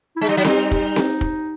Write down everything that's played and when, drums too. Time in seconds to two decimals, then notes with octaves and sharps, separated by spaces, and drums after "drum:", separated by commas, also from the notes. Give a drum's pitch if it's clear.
0.16 E4
0.21 G#3 D#4
0.29 G3
0.37 F#3
0.44 G3, drum: snare C4
0.71 drum: kick
0.96 drum: snare C4
1.21 drum: kick